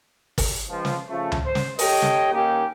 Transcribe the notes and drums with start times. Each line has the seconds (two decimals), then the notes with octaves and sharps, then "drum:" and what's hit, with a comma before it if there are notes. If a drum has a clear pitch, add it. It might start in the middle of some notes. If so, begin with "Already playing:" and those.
0.38 drum: kick, open hi-hat
0.68 C#2 F3
0.85 drum: snare
1.09 C#3 F3 A3
1.32 drum: tom C#2
1.45 C5
1.55 drum: snare
1.79 G4 A4 C#5 D#5 G5, drum: open hi-hat
2.02 drum: snare
2.33 D#3 A#3 C#4 D#4 G4